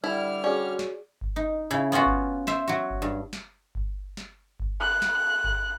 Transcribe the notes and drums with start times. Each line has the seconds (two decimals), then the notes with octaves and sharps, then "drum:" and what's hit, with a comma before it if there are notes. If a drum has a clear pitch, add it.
0.04 D3 G3 E4 F6
0.44 C#4 F#4 G#4 D5
0.79 drum: snare
1.21 drum: kick G1
1.36 D#4
1.70 C#3 E4
1.92 B3 C#4 F4 F#4 B4
2.06 drum: kick G1
2.47 C5 E5, drum: snare
2.68 F#3 F#4
2.90 drum: kick G1
3.02 G2
3.33 drum: snare
3.75 drum: kick G1
4.17 drum: snare
4.60 drum: kick G1
4.81 F#6
5.02 drum: snare
5.44 drum: kick G1